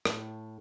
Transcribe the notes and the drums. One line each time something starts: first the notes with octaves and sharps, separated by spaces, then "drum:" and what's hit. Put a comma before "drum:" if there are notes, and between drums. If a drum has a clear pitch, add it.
A2, drum: rim click